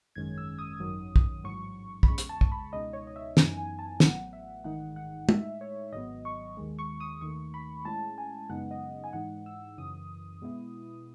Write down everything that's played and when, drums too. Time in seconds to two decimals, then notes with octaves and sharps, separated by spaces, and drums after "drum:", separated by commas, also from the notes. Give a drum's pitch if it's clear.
0.15 G#1 F#2 D#3 G#3 C#4 G#6
0.38 E6
0.59 D#6
0.80 G#1 F#2 D#3 F#3
1.16 drum: kick
1.44 A1 G#2 F#3 C#6
2.03 B5, drum: kick
2.08 E2 C#3 G#3 C#6
2.18 drum: hi-hat
2.29 A5
2.41 drum: kick
2.52 B5
2.72 C#2 B2 G#3 D#4 D#5
2.93 C#5
3.07 D#5
3.16 E5
3.37 F#2 E3 B3 D#4 G#5, drum: snare
3.57 G#5
3.79 A5
4.00 A1 A2 F#3 B3 F#5, drum: snare
4.33 E5
4.64 A1 G#2 D#3 G#3 D#4 F#5
4.96 F#5
5.29 A2 G#3 D#4 E5, drum: tom
5.61 C#5
5.93 G#1 G#2 F#3 B3 D#5
6.25 C#6
6.57 D#2 D#3 G#3
6.79 C#6
7.00 D#6
7.21 D#2 D#3 A3 C#6
7.54 B5
7.85 A2 G#3 C#4 E4 A5
8.18 G#5
8.49 F#2 C#3 G#3 B3 D#4 F#5
8.71 D#5
9.04 G#5
9.13 G#2 E3 G#3 D#4 F#5
9.46 E6
9.78 F#2 C#3 E3 D#6
10.42 B2 G#3 B3 E4